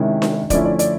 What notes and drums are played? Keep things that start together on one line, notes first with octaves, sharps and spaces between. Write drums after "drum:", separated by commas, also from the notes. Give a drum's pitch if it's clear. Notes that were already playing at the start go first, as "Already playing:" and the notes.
Already playing: C3 D#3 G#3 C#4 E4
drum: snare D4
D3 F3 A3 C#4 E4 D5, drum: kick E1, hi-hat
D5
D5, drum: hi-hat